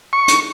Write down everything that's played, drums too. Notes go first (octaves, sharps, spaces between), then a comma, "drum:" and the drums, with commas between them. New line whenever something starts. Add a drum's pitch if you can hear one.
C#6
drum: hi-hat